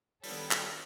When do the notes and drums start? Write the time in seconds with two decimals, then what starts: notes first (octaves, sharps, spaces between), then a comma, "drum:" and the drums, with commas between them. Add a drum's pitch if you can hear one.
0.24 D#3 G3 B3 D4 F4 A4 C#5 G5, drum: open hi-hat
0.51 drum: clap